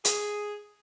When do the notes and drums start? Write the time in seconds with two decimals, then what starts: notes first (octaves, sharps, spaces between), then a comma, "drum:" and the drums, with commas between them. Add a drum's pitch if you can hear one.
0.05 G#4, drum: hi-hat